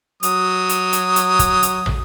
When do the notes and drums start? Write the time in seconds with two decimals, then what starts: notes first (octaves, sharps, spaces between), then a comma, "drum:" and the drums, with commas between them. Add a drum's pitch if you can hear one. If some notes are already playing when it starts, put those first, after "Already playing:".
0.23 F#3 D#6, drum: hi-hat
0.69 drum: hi-hat
0.93 drum: hi-hat
1.16 drum: hi-hat
1.39 drum: kick, hi-hat
1.63 drum: hi-hat
1.86 drum: tom